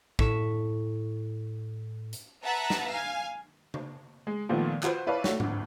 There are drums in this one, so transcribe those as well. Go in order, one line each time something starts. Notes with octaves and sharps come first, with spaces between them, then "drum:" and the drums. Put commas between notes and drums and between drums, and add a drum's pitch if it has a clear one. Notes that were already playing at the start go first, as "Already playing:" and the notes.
A2 C#6 B6 E7, drum: kick
drum: hi-hat
B4 E5 F#5 A5 A#5
drum: snare
F5 G#5
drum: tom C#3
G#3
A#2 D#3 F3 A3 B3
F4 F#4 B4 C5, drum: clap
E4 B4 C#5 D5 F5 A5
A3 F#4 C#5, drum: snare
G1 D2, drum: tom G#2